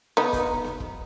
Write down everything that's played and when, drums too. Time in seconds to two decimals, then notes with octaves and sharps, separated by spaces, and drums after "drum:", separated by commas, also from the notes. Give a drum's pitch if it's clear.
0.17 B3 D#4, drum: snare B3
0.33 drum: kick E1, hi-hat
0.64 drum: snare B3
0.80 drum: kick E1